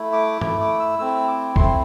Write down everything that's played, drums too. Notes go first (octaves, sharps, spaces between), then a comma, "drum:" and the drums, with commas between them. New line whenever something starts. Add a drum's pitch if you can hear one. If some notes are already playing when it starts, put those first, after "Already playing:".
Already playing: A3 E4
D6
A3 E4 D6, drum: tom G2
D6
E6
A3 C4 E4 E6
D6
A3 C4 E4 C6, drum: kick